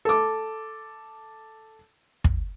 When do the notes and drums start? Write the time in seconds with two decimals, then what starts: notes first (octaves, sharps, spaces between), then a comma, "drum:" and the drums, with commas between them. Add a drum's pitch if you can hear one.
0.05 A4 D6
2.24 drum: kick